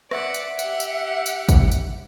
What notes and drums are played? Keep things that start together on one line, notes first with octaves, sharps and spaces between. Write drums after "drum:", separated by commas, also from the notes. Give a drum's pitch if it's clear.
D5 E5 F#5, drum: rim click
drum: tambourine
G4 F#5, drum: tambourine
drum: tambourine
drum: tambourine
drum: kick, tambourine
drum: tambourine